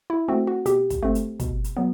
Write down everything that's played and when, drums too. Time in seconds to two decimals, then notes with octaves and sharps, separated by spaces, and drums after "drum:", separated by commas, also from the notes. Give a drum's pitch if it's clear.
0.10 E4
0.28 A3 C4 F#4
0.47 F#4
0.66 B2 G4, drum: hi-hat
0.90 drum: kick, hi-hat
1.03 A3 C4
1.15 drum: hi-hat
1.40 B2, drum: kick, hi-hat
1.64 drum: hi-hat
1.77 F#3 B3